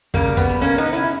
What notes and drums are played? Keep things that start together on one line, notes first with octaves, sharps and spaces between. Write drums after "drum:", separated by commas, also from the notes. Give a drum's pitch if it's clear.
C#3 G3 A#3, drum: kick
B3, drum: kick
A#3 C#4
B3 D#4
C#4 E4
E4